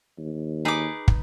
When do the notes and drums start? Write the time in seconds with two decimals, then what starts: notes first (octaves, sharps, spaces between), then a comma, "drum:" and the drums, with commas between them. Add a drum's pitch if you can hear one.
0.18 D#2
0.65 D#4 G#4 B4 D6
1.08 drum: kick